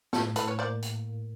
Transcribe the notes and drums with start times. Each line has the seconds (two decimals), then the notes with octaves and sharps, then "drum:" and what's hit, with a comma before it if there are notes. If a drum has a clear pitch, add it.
0.13 A2 G4 A4, drum: snare
0.36 A2 A4 B4, drum: hi-hat
0.47 B4 C#5
0.59 A#3 C5 D5
0.82 drum: hi-hat